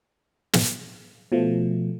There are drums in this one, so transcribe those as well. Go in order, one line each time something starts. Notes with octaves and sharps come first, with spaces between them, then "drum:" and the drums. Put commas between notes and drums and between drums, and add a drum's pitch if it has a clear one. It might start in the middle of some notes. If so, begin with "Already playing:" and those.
drum: snare
B2 F3 A3